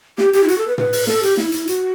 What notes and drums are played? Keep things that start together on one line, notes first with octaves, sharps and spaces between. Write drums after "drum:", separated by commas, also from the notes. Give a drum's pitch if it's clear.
G4, drum: snare
G4, drum: hi-hat
E4
F#4, drum: hi-hat
A4
B4
B4, drum: tom
drum: open hi-hat
A4, drum: snare
G4, drum: hi-hat
E4, drum: snare
E4, drum: hi-hat
F#4, drum: hi-hat